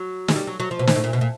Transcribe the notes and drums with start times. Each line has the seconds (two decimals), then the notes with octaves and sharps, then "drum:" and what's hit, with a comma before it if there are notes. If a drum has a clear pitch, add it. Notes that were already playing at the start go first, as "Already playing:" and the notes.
Already playing: F#3
0.28 G#3, drum: snare
0.36 G3
0.47 F#3
0.60 F#3
0.71 F3
0.79 B2
0.87 A#2, drum: snare
0.96 A2
1.04 A#2
1.13 B2
1.21 A#2